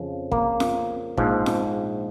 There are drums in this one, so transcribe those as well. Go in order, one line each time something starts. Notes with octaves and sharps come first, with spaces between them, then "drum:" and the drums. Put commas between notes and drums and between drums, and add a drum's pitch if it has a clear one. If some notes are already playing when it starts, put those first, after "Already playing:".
Already playing: F2 C#3 F3
A#3, drum: kick
drum: snare
A#1 G#2 F3, drum: kick
drum: snare